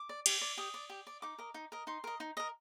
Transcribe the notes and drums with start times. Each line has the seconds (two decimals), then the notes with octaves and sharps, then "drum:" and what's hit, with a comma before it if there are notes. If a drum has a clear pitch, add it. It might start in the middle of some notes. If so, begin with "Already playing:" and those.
Already playing: D6
0.09 D5
0.26 G4, drum: cymbal
0.41 D5
0.57 G4 D#6
0.74 D5
0.90 G4
1.07 D5
1.22 D#4 D6
1.38 A#4 D#5
1.54 D#4
1.72 A#4 D#5
1.87 D#4 C6
2.04 A#4 D#5
2.20 D#4
2.37 A#4 D#5